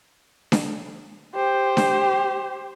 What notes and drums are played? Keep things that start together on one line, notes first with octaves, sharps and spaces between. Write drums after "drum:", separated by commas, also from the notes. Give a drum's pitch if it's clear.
drum: snare D4
G4 C5
drum: snare D4